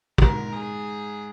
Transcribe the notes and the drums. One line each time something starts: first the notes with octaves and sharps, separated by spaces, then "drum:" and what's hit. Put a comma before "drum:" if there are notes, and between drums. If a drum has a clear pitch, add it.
G#2 A#4, drum: kick
G#4